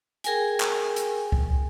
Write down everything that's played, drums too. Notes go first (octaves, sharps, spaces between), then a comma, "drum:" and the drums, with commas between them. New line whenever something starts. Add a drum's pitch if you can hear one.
G#4 A#4 G5 G#5, drum: hi-hat
drum: clap
drum: hi-hat
drum: kick C2